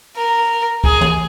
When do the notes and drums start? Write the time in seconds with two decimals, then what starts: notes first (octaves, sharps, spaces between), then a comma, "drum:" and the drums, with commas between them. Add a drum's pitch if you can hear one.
0.16 A#4
0.84 G#4, drum: kick
1.01 drum: tom